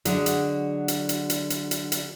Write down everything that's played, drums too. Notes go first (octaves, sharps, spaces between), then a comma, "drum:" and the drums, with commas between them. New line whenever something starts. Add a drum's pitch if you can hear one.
D3 F#3 G#3, drum: hi-hat
drum: hi-hat
drum: hi-hat
drum: hi-hat
drum: hi-hat
drum: hi-hat
drum: hi-hat
drum: hi-hat